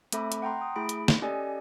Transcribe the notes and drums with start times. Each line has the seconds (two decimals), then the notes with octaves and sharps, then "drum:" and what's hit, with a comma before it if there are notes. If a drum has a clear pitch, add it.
0.12 A3 C4 A4 E5 B5 D6, drum: hi-hat
0.32 drum: hi-hat
0.42 F#5 G5 A#5 C6
0.61 D#6
0.76 A3 E4 G#4 B5 D7
0.89 drum: hi-hat
1.08 drum: snare
1.22 C#4 G4 A4 D5 D#5 G#5